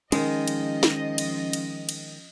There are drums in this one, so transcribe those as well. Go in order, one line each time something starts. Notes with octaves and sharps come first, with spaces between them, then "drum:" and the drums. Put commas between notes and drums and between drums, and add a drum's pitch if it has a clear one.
D#3 F3 G#3 C#4 D#5, drum: cymbal
drum: cymbal
drum: snare
drum: cymbal
drum: cymbal
drum: cymbal